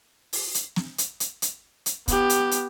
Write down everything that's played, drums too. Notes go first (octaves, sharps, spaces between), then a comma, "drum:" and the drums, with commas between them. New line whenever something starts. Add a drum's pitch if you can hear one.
drum: open hi-hat
drum: hi-hat
drum: snare
drum: hi-hat
drum: hi-hat
drum: hi-hat
drum: hi-hat
B3 G4, drum: kick, hi-hat
drum: hi-hat
drum: hi-hat